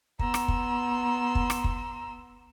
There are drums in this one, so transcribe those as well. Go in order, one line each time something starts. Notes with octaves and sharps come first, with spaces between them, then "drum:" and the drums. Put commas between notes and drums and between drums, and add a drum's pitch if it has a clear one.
B3 A#5 C6 E6, drum: kick
drum: rim click
drum: kick
drum: kick
drum: rim click
drum: kick